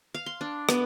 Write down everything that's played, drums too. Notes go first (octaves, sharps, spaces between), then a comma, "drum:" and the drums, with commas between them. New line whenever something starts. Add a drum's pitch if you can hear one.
F5
C6
D4
B3, drum: rim click